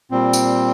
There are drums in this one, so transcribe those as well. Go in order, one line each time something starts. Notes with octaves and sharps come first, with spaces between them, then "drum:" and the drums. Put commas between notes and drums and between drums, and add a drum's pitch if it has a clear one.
A#2 G3 C4
drum: tambourine